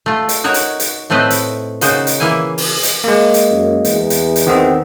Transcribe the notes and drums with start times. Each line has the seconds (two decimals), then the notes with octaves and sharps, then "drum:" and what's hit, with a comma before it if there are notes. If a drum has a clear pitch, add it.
0.06 A3 F4
0.29 drum: hi-hat
0.44 D#4 F#4 A#4 C#5
0.54 drum: hi-hat
0.80 drum: hi-hat
1.10 A2 A3 C4 B4 C5 D#5
1.30 drum: hi-hat
1.81 A#2 C#3 D#4 F#4 C5, drum: hi-hat
2.07 drum: hi-hat
2.20 E3 A#3 E4 F5 G#5
2.58 drum: open hi-hat
2.83 drum: hi-hat
3.04 G#3 A#3
3.34 drum: hi-hat
3.51 F#2
3.85 E2, drum: hi-hat
4.10 drum: hi-hat
4.36 drum: hi-hat
4.47 D#3 B3 C4